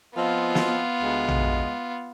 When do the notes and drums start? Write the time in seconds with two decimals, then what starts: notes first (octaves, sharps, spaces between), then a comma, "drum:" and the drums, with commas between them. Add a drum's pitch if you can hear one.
0.17 F3 B3 C4 F4 D#5
0.55 drum: snare
1.02 D2 G#3
1.28 drum: tom A#1